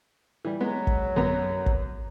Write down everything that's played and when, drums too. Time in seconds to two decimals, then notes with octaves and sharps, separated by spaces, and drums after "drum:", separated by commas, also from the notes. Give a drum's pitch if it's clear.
0.45 E3 G3
0.60 F#3 G#3 B3
0.87 drum: kick
1.16 F#2 B3 A#5
1.66 drum: kick